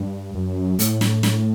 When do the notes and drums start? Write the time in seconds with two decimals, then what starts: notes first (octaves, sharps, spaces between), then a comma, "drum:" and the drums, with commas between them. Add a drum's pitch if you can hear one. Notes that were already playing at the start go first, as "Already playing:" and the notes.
Already playing: G2
0.35 F#2
0.79 A2, drum: hi-hat
1.01 drum: snare
1.23 drum: snare